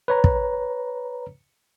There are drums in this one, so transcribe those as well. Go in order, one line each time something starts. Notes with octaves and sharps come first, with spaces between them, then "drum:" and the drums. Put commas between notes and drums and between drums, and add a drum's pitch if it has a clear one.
B4 C#5 A#5
drum: kick